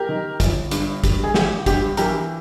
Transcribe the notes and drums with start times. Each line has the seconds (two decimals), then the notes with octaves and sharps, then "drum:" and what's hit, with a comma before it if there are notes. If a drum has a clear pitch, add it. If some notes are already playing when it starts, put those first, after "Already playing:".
Already playing: G4 A#4
0.09 D#3
0.40 G1, drum: kick, hi-hat
0.71 G2, drum: hi-hat
1.04 G3, drum: kick, hi-hat
1.24 G#4
1.34 G#1 G4, drum: snare
1.66 G2 G4, drum: kick, hi-hat
1.97 E3 G4 A#4, drum: hi-hat